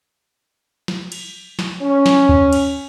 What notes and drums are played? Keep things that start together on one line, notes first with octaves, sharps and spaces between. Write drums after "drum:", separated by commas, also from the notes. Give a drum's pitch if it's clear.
drum: snare
drum: cymbal
drum: snare
C#4
drum: snare
drum: kick
drum: cymbal